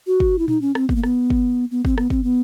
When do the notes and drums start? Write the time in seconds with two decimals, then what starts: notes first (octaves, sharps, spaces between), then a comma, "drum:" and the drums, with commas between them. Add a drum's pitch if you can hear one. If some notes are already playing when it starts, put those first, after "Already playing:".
0.07 F#4
0.20 drum: kick
0.39 E4
0.48 D#4, drum: tom A#2
0.62 C#4
0.75 C4, drum: rim click
0.89 B3, drum: kick
0.96 A#3
1.03 B3, drum: rim click
1.30 drum: kick
1.71 B3
1.85 C4, drum: kick
1.98 B3, drum: rim click
2.10 C4, drum: kick
2.24 B3